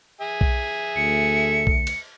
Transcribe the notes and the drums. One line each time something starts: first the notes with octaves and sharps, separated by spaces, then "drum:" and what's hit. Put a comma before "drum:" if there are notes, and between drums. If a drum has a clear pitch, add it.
G#4 E5 G#5
drum: kick B1
D2 A3 C#7
drum: kick B1
drum: cymbal